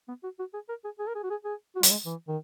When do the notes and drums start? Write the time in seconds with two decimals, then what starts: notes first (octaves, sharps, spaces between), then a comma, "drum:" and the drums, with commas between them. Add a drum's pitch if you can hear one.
0.08 B3
0.23 F#4
0.39 F#4
0.54 G#4
0.69 A#4
0.84 G#4
0.99 G#4
1.07 A#4
1.15 G#4
1.23 F#4
1.30 G#4
1.45 G#4
1.76 F#4
1.83 F#3, drum: hi-hat
1.91 G#3
2.06 E3
2.28 D#3